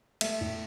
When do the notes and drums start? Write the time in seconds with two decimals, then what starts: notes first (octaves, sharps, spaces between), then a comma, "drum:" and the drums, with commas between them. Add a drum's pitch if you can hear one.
0.21 A3 E5, drum: cymbal
0.41 A2